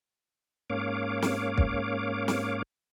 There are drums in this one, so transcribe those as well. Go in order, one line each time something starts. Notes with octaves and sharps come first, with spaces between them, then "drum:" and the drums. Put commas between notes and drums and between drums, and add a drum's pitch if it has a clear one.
G#2 A#3 C#4 C#5 F5 D6
drum: snare
drum: kick
drum: snare